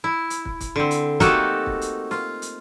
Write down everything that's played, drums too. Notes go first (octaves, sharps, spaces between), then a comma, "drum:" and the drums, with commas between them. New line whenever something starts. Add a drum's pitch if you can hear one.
E4
drum: hi-hat
drum: kick
drum: kick, hi-hat
D3 C4
drum: hi-hat
A3 A#3 D#4 F#4 G4 A4, drum: kick, hi-hat
drum: kick
drum: hi-hat
F4, drum: snare
drum: hi-hat